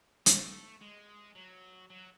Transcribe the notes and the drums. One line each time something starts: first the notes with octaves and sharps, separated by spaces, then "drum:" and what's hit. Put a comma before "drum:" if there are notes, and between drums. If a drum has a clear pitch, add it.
A3, drum: hi-hat
G#3
F#3
F#3